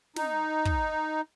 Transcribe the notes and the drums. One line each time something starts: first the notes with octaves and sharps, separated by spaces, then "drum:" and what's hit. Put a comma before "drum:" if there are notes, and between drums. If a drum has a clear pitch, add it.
D#4, drum: snare
drum: kick